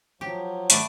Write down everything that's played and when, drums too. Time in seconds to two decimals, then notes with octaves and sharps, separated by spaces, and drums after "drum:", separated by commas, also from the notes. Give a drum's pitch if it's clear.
0.21 F3 F#3 G4
0.70 A3 B4 D5, drum: hi-hat